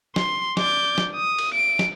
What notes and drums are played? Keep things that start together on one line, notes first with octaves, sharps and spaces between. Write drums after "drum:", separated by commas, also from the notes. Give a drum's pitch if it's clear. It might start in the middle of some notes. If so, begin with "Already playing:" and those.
C6, drum: snare
D5 G6, drum: snare
drum: snare
D#6
drum: cymbal
D7
drum: snare